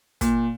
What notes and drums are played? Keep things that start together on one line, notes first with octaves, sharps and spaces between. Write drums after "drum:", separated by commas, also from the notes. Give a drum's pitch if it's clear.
A#2, drum: kick, hi-hat